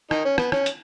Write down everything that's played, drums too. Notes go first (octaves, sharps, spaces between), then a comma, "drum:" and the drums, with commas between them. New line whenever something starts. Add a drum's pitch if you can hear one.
D#3 D#4, drum: rim click
C#4
B3, drum: rim click
C#4, drum: rim click
drum: hi-hat